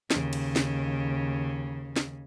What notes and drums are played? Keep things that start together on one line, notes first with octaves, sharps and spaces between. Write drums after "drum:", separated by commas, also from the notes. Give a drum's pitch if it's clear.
D#2 C#3, drum: snare
drum: cymbal
drum: snare
drum: snare